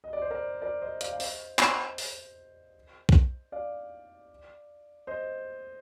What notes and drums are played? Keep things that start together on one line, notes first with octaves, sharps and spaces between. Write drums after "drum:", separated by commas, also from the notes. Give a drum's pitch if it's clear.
D#5
D5
C5
A#4 D5
A#4 D5
C5 D#5
D5 F5, drum: hi-hat
F5
C5 D#5, drum: open hi-hat
C5 D#5, drum: clap
drum: open hi-hat
drum: kick B1
D5 F5
C5 D#5